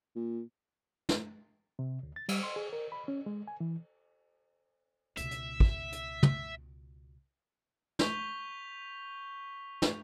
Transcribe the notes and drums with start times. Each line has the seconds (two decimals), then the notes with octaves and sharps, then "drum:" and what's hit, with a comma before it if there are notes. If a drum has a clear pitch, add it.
0.16 A#2
1.09 drum: snare
1.79 C3
2.03 D2
2.16 A6
2.29 G3, drum: cymbal
2.43 C6
2.56 G#4
2.73 A#4
2.92 B5
3.08 C#4
3.26 G#3
3.48 G#5
3.60 E3
5.17 C#2 B2 E5, drum: hi-hat
5.31 drum: hi-hat
5.60 drum: kick
5.92 drum: hi-hat
6.23 drum: tom
7.99 C#6 G6 B6 F7 G7, drum: snare
9.82 drum: snare